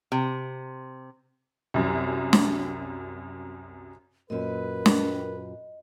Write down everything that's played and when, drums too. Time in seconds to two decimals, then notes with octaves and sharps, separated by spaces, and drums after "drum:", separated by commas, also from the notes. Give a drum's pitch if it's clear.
0.12 C3
1.74 C2 F#2
2.33 drum: snare
4.30 F#2 A#2 A#4 B4 D#5
4.86 drum: snare